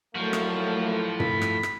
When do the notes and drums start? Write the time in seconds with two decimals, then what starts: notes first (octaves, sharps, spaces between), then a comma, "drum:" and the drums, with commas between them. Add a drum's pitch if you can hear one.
0.15 A2 F3 F#3 A3 A#3 F#4
0.33 drum: rim click
1.20 B5, drum: tom
1.42 drum: rim click
1.63 drum: rim click